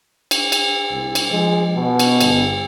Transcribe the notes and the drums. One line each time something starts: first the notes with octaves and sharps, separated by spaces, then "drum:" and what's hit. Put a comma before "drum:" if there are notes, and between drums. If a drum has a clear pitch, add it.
drum: cymbal
drum: cymbal
C2
drum: cymbal
F3 G#3
B2 B3
drum: cymbal
G1, drum: cymbal